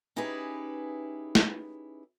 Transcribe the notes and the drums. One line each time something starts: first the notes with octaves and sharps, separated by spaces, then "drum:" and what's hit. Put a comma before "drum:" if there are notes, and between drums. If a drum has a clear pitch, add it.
C#4 D#4 E4 G4 G#4 B4
drum: snare